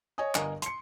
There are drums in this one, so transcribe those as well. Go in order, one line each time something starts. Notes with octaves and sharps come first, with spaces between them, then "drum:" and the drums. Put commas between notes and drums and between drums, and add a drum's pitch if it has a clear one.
C#5 D#5 G#5 D#6
G1 A#4 D#5 G#5 A#5, drum: clap
C6 C#7, drum: hi-hat